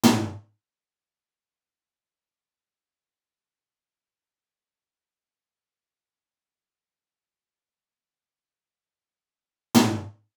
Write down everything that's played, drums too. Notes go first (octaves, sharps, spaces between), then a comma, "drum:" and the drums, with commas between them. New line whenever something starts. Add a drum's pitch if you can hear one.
drum: tom
G6 A6 B6 F#7
B2 D#3
A#3
A#2 F3
B2
B1 F2 A2 G#3
drum: tom